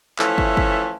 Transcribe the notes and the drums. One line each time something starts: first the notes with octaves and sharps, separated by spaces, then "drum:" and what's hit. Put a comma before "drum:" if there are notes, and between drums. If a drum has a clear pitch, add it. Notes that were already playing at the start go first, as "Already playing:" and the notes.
E3 F3 A3 C#4 E5, drum: clap
drum: kick
drum: kick